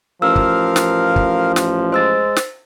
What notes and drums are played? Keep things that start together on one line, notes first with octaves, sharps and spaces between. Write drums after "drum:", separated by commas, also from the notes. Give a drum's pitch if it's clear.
A1 F3 A#4 F5 E6
drum: kick
drum: snare
drum: kick
drum: snare
G#3 C5 E6 A6
drum: snare